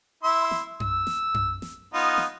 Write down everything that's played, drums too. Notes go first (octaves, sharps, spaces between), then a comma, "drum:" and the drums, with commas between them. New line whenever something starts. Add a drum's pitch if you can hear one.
E4 E5 C6
drum: snare
E6, drum: tom F#2
drum: snare
drum: tom F#2
drum: snare
B3 D#4 F4
drum: snare